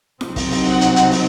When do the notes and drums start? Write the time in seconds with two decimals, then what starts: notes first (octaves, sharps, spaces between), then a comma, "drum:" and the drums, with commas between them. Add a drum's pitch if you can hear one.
0.21 C2 C3 F#3 C4 D#4, drum: snare
0.36 drum: kick, open hi-hat
0.51 drum: open hi-hat
0.66 F#5
0.81 drum: hi-hat
0.96 drum: hi-hat
1.11 drum: open hi-hat